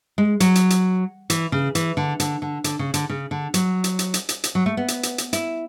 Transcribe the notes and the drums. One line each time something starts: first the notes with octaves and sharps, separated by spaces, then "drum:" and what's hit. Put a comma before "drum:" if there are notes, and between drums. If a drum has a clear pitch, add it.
G#3
F#3, drum: hi-hat
drum: hi-hat
drum: hi-hat
E3, drum: hi-hat
C#3
E3, drum: hi-hat
D3
D3, drum: hi-hat
D3
D3, drum: hi-hat
C#3
D3, drum: hi-hat
C#3
D3
F#3, drum: hi-hat
drum: hi-hat
drum: hi-hat
drum: hi-hat
drum: hi-hat
drum: hi-hat
F#3
A3
B3
drum: hi-hat
drum: hi-hat
drum: hi-hat
E4, drum: hi-hat